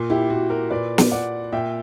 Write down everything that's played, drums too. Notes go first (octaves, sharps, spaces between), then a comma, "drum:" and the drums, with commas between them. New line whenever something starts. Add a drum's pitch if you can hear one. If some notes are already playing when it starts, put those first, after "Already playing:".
Already playing: A#2
E4 G4
A#2 F#4
F#4 A#4
A#2 B4 D5
drum: snare
A#2 D5 F#5
A#2 E5 G5